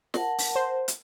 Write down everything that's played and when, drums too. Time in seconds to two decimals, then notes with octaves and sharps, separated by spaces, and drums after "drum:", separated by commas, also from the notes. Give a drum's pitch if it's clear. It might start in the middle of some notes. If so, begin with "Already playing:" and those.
0.14 A#4 F#5 A5, drum: snare
0.38 drum: open hi-hat
0.55 C5
0.88 drum: hi-hat